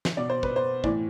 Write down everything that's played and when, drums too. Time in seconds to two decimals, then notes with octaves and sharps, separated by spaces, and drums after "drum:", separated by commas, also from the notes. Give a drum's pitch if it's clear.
0.05 drum: snare
0.17 B2 D5
0.30 C5
0.43 B4, drum: kick
0.56 C5
0.84 A2 E3 D5, drum: kick